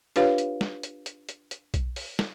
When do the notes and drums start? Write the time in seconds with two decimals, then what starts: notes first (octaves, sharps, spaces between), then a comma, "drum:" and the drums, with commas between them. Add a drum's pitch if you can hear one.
0.16 D4 F4 G4 B4 C#5 F5, drum: hi-hat
0.38 drum: hi-hat
0.61 drum: snare
0.83 drum: hi-hat
1.06 drum: hi-hat
1.29 drum: hi-hat
1.51 drum: hi-hat
1.74 drum: kick B1, hi-hat
1.96 drum: open hi-hat
2.19 drum: snare